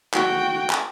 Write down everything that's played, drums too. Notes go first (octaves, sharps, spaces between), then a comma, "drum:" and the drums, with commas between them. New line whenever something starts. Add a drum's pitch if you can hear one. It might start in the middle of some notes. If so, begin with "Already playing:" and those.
F#4 G5, drum: clap
drum: clap